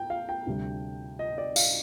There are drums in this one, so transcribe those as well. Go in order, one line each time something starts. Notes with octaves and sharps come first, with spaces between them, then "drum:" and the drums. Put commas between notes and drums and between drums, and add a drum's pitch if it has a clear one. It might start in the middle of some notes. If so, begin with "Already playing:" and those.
Already playing: G5
F5
G5
D2 C3 G3
D#5
D5
F5, drum: tambourine